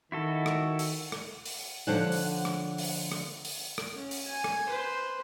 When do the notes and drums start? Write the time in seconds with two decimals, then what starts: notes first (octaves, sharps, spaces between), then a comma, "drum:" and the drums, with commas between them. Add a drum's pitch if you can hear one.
0.12 D#3 E4 F#4 A4
0.46 drum: rim click
0.79 drum: open hi-hat
1.12 drum: rim click
1.46 drum: open hi-hat
1.87 D3 F3 D4 C5 C#5 F#5
2.12 drum: open hi-hat
2.45 drum: rim click
2.78 drum: open hi-hat
3.12 drum: rim click
3.45 drum: open hi-hat
3.78 drum: rim click
3.93 C#4
4.11 drum: open hi-hat
4.28 G#5
4.44 drum: rim click
4.67 B4 C5